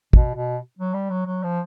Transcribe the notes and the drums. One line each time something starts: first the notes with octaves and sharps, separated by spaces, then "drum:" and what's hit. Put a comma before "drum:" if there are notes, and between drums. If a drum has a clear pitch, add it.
B2, drum: kick
B2
F#3
G3
F#3
F#3
F3